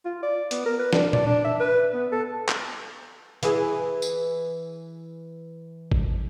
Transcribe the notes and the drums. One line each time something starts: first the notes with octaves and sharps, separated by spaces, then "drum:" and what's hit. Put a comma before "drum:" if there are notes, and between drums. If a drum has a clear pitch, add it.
F4
D5
B3, drum: hi-hat
A#4
B4
D4, drum: snare
D5, drum: tom A#2
D4
E5
B4
B3
A4
drum: clap
E3 G#4, drum: hi-hat
drum: tambourine
drum: kick G#1